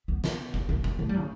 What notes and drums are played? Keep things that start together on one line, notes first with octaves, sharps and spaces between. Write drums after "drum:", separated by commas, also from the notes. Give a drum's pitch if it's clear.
B3
drum: snare
drum: kick
A#3
drum: kick
A3
G3
C#3